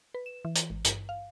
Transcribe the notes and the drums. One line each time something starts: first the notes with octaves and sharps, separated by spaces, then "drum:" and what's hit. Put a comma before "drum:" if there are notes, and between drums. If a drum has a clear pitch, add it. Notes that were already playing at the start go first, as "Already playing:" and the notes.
B4
E7
E3
drum: hi-hat
G#1
G2, drum: hi-hat
F5